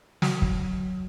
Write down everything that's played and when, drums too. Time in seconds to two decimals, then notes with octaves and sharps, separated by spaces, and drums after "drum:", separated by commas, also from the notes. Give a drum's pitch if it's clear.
0.22 F#3, drum: snare
0.42 drum: kick